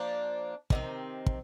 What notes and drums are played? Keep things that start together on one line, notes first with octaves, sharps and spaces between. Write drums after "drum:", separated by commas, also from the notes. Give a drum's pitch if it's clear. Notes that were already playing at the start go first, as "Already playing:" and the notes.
Already playing: F3 A#3 D4
C3 D#3 A3 C4, drum: kick
drum: kick